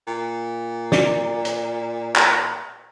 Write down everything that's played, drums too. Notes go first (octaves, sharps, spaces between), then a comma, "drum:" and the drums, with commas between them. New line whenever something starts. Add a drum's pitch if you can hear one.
A#2
D5, drum: snare
drum: hi-hat
drum: clap